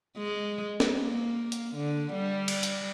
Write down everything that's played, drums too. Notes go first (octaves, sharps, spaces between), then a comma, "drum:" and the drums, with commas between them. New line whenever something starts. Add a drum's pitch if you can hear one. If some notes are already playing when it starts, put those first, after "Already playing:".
G#3
drum: snare
A#3
drum: hi-hat
D3
G3
drum: cymbal
drum: hi-hat